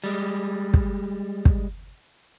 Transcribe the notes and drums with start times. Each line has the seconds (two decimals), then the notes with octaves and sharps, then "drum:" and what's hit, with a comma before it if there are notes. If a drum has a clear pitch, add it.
0.04 G3 G#3
0.74 drum: kick
1.45 drum: kick